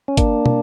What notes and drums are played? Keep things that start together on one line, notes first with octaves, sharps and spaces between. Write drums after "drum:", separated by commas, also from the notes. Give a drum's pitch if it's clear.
C#4
A#3 D4, drum: kick, hi-hat
drum: tom